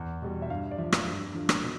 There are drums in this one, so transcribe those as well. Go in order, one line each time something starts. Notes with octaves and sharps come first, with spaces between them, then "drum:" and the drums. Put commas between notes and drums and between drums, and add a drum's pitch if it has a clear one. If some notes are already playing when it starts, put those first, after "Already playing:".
Already playing: E2
B2 G3
E5
G2 F5
D5
F3 E5
drum: rim click
G2
D3 F3
drum: rim click
B2